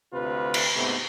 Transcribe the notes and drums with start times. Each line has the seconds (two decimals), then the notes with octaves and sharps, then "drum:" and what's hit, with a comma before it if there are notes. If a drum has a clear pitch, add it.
0.13 D2 C3 F4 B4
0.54 drum: cymbal
0.76 G#2 C3 A3 B3